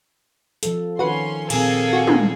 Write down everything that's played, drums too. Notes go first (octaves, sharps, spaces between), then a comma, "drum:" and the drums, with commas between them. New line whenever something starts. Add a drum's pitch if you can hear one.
F3 A4, drum: hi-hat
D#3 C#4 F#4 B4 C6
A#2 A#3 C4 G#4 A4, drum: cymbal
F#4
drum: tom